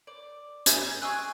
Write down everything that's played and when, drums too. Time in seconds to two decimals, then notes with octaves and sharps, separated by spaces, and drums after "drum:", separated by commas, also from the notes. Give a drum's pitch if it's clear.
0.07 D5
0.66 G#5 G6 G#6, drum: hi-hat
1.02 C4 G#4 D#5 C#6 E6 F#6